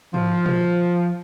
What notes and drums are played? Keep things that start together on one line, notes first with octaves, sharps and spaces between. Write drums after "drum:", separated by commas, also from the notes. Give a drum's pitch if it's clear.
F3, drum: tom G#2
drum: tom A#2